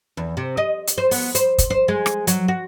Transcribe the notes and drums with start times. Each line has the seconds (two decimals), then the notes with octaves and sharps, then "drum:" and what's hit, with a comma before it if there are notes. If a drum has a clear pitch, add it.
0.17 E2
0.37 C3
0.57 D#5
0.87 drum: hi-hat
0.98 C5
1.11 B3, drum: open hi-hat
1.35 C5, drum: hi-hat
1.58 drum: kick, hi-hat
1.70 C5
1.88 G#3
2.06 drum: rim click
2.27 F#3, drum: hi-hat
2.48 F#4